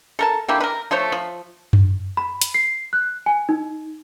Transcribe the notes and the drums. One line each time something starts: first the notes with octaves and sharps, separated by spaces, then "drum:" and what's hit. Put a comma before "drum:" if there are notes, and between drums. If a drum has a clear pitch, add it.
A4 A#4 A5
D3 A#3 E4 G4
A#4 B4
F3 A3 C5 C#5
F3
drum: tom F#2
B5
drum: hi-hat
C7
F#6
G#5
D#4